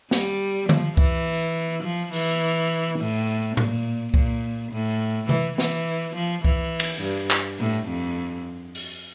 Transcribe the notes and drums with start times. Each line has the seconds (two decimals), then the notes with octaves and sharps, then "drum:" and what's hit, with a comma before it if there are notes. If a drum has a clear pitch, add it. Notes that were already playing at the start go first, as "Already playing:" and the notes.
0.11 G3, drum: snare
0.69 F3, drum: tom D3
0.97 E3, drum: kick C2
1.84 F3
2.13 E3, drum: open hi-hat
3.00 A2
3.57 A#2, drum: tom A2
4.14 A#2, drum: kick C2
4.72 A2
5.29 E3, drum: tom C3
5.58 E3, drum: snare
6.16 F3
6.44 E3, drum: kick C2
6.80 drum: cymbal
7.02 G2
7.31 drum: clap
7.60 A2
7.88 F2
8.75 drum: open hi-hat